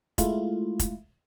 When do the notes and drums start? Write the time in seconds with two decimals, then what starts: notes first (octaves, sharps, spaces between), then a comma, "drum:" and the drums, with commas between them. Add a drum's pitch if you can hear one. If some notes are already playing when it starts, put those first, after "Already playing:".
0.18 G#3 A3 E4 F4, drum: kick F1, hi-hat
0.79 drum: kick F1, hi-hat